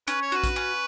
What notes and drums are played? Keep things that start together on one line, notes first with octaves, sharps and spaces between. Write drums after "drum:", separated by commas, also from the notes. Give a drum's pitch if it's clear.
C#4 B4, drum: hi-hat
C#5
F#4 B4
drum: kick A#1, hi-hat
C#4